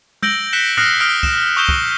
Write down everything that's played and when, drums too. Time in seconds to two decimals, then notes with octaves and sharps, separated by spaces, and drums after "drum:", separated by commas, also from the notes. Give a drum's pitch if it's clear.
0.23 E6 G6 A#6 D7 F#7 G7, drum: tom
0.53 F#6 B6 C#7 E7 G7
0.77 D#6 F6 F#6 A#6 C7 C#7, drum: tom
1.00 D#6 F6 A#6 B6 D7 G7
1.23 D7 E7, drum: kick
1.57 C#6 D#6 E6 G6 E7 G7
1.69 drum: kick